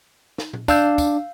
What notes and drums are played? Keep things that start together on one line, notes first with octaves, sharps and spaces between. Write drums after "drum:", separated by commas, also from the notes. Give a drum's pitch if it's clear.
drum: snare
drum: tom A#2
D4 F5 E6 G6, drum: kick, tambourine
drum: kick, tambourine